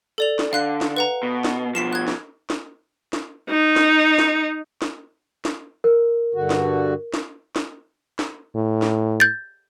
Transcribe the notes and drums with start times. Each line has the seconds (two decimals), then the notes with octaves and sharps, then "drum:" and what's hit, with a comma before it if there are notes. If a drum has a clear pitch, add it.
0.18 A4 D5 F7
0.39 drum: snare
0.53 D3 F5 F#6 C7
0.81 drum: snare
0.96 B4 F#5 A#5
1.23 B2
1.44 drum: snare
1.75 B2 F3 B6 C7 E7
1.93 F#6 G#6
2.08 drum: snare
2.50 drum: snare
3.13 drum: snare
3.49 D#4
3.76 drum: snare
4.19 drum: snare
4.82 drum: snare
5.45 drum: snare
5.84 A#4
6.35 G2 D3 F#4
6.50 drum: snare
7.14 drum: snare
7.56 drum: snare
8.19 drum: snare
8.55 A2
8.82 drum: snare
9.20 G6 A6